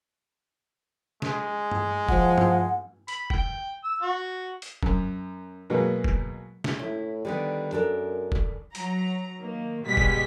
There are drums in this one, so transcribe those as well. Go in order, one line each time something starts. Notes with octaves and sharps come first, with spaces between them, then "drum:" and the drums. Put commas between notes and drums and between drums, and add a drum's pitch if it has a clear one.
G#3, drum: snare
drum: tom G2
F3 F#5, drum: kick
drum: tom G2
B5, drum: hi-hat
G5, drum: kick
E6
F#4
drum: hi-hat
F#2, drum: kick
B2 F#3 G#3 A#3 B3
drum: kick
drum: snare
A2 E4
D3 D#3 G3 B3
F#2 D4 A4 A#4
drum: kick
F#3 A#5, drum: hi-hat
D#3 A#3
B2 G3 G#3 B6
drum: kick